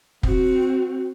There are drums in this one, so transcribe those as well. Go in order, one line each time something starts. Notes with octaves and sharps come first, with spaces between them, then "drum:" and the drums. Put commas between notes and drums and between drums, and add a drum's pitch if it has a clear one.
C4 F#4, drum: kick